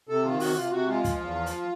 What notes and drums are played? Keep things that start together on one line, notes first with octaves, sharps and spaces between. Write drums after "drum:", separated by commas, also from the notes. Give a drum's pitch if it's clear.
C3 A4
D#3 F4
C3 F#4, drum: open hi-hat
C3 F4
C3 F#4
G#3 F4
F3, drum: kick, hi-hat
E2
F3
drum: hi-hat